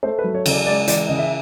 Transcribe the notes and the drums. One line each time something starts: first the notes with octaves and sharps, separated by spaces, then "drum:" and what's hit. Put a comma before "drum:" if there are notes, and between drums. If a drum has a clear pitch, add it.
A3 C5
B4
F#3
C#5
C#3, drum: cymbal
D5
G#3 D5
E3 D5, drum: hi-hat
C#3 D#5
E5